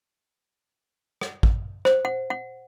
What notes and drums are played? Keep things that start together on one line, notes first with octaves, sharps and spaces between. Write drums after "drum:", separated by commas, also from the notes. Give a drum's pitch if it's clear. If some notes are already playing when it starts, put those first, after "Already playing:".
drum: rim click
drum: kick
C5, drum: rim click
F#5
F#5